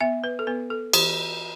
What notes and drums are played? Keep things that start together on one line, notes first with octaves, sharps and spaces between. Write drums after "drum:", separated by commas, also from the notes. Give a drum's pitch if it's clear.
B3 E5
B4
A4
B3 B4
A4
E3 G4, drum: cymbal